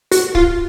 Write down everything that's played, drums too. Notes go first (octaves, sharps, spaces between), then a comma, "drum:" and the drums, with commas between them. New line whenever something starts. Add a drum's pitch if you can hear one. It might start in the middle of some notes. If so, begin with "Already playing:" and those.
F#4, drum: open hi-hat
F4, drum: kick